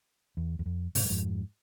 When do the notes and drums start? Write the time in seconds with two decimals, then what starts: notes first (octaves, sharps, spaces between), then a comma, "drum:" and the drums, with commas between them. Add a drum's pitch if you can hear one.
0.37 E2
0.59 E2
0.66 F2
0.95 G#2 C3, drum: open hi-hat
1.05 G2
1.10 F2 G#2